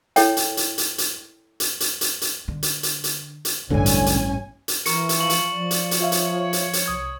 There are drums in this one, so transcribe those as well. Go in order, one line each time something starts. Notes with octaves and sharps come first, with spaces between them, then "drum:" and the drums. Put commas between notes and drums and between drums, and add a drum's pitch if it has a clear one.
E4 A4 C#5 G5, drum: hi-hat
drum: hi-hat
drum: hi-hat
drum: hi-hat
drum: hi-hat
drum: hi-hat
drum: hi-hat
drum: hi-hat
drum: hi-hat
D3
drum: hi-hat
drum: hi-hat
drum: hi-hat
drum: hi-hat
E1 A1 E2 G2 D3 C#4 G#5
drum: hi-hat
drum: hi-hat
drum: hi-hat
E3 A#4 C#6 C#7, drum: hi-hat
drum: hi-hat
F3 C#6 F#7
drum: hi-hat
F3 D5
drum: hi-hat
drum: hi-hat
F4 C#5 E5 F5
drum: hi-hat
drum: hi-hat
drum: hi-hat
C2 D#6 G#6